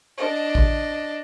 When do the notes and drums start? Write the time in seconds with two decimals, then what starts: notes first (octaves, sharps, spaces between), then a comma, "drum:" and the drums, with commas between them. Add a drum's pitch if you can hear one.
0.17 D4 D#5
0.55 drum: kick A1